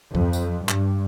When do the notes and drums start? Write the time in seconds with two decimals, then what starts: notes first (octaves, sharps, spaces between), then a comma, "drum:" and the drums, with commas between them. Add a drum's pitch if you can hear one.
0.15 F2, drum: kick D2
0.33 drum: tambourine
0.69 G2, drum: clap